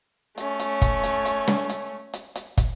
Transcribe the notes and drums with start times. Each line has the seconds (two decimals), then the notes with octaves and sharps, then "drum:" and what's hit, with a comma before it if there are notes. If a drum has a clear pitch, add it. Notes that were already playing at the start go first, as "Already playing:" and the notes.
0.38 A3 C#4, drum: hi-hat
0.60 drum: hi-hat
0.82 drum: kick, hi-hat
1.04 drum: hi-hat
1.26 drum: hi-hat
1.48 drum: snare
1.69 drum: hi-hat
2.13 drum: hi-hat
2.35 drum: hi-hat
2.57 drum: kick, hi-hat